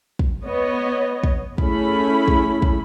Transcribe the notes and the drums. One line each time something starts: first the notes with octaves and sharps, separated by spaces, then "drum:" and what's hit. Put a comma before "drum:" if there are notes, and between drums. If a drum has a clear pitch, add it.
drum: kick
B3 C#5 D#5
drum: kick
A3 C#4 E4 G#4 B5, drum: kick
drum: kick
drum: kick